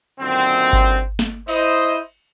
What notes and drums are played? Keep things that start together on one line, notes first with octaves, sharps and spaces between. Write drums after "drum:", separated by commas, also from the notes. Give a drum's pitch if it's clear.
F#2 A#2 D3 D#3 C4
drum: kick G#1
drum: snare
E4 C5 D#5, drum: cymbal